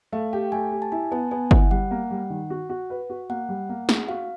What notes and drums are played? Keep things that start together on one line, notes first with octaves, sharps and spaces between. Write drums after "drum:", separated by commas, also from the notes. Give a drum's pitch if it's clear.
A3 F5
G4 G5
A3 G#5
G4
A5
E4 G#5
B3 A5
B3 G#5
E4 F#5, drum: kick G1
G3 F#5
A#3
G3
D#3
F#4
F#4
B4
F#4
A#3 F#5
G3
A#3
G#4, drum: snare
F#4 F5